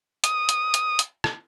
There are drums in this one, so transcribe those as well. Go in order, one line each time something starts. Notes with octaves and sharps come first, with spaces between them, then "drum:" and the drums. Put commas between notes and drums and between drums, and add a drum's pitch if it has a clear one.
D#6, drum: hi-hat
drum: hi-hat
drum: hi-hat
drum: hi-hat
drum: rim click